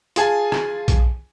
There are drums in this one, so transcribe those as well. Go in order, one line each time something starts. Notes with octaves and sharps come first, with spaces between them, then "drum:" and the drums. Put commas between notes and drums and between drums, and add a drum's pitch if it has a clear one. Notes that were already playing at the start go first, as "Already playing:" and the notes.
F4 G#4 G#5 A5, drum: hi-hat
drum: rim click
drum: kick, hi-hat